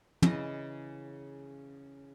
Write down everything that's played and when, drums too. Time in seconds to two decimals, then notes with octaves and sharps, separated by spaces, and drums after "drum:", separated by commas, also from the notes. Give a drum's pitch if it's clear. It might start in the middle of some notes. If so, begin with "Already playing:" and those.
0.22 C#3 E3 D#5, drum: tom